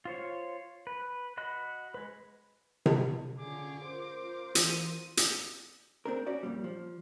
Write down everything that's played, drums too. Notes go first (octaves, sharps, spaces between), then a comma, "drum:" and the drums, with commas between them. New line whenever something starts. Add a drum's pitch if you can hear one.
F4 C5 C#5
B4
F#4 D#5 B5 F#6
G#3 B4
drum: tom C3
D3 C#4 F4 G#4 C#6 D6
F4 A#4 C5
E3 D#7, drum: hi-hat
drum: hi-hat
C4 D4 A#4
C#4 F#4 D5
F2 A#2 G3
F3